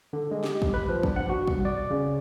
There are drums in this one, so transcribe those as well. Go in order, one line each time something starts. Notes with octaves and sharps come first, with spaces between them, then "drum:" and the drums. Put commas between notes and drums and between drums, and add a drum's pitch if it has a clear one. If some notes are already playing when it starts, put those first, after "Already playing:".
D3
G#3
G4, drum: snare
drum: kick
B4
F3
D4, drum: kick
F#5
F#4
C2, drum: kick
D5
C#3